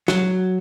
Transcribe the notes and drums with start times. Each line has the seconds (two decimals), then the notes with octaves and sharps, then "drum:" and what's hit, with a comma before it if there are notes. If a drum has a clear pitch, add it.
0.08 F#3, drum: snare